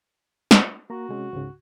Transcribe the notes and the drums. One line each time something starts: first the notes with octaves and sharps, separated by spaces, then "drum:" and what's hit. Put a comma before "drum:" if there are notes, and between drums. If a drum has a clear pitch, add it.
drum: snare
A#3 F#4 A#5
C3 G#3 C#4
C#2 G#2 C#3